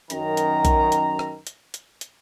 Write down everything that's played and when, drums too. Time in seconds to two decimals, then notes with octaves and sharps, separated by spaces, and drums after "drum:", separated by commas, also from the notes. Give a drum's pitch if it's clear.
0.10 F#2 D#3 A#5, drum: hi-hat
0.37 drum: hi-hat
0.65 drum: kick B1, hi-hat
0.92 drum: hi-hat
1.19 drum: rim click
1.47 drum: hi-hat
1.74 drum: hi-hat
2.01 drum: hi-hat